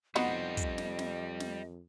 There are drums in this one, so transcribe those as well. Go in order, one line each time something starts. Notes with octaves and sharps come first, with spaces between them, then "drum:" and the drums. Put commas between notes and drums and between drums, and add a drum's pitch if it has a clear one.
F2 G3 B3 D#4 F#4 C5 D#5, drum: snare
drum: kick, hi-hat
drum: snare
drum: snare
drum: snare